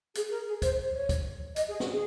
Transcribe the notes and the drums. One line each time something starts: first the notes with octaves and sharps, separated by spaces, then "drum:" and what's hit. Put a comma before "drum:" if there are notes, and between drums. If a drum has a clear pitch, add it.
G#4, drum: hi-hat
A#4
G#4
C5, drum: kick, hi-hat
C#5
drum: kick, hi-hat
D#5, drum: hi-hat
G#4
F#4, drum: snare
G#4